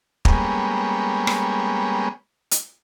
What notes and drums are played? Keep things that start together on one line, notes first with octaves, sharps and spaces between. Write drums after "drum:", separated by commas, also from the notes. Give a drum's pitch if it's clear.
G3 G#3 A#3 B3 C#4, drum: kick
drum: rim click
drum: hi-hat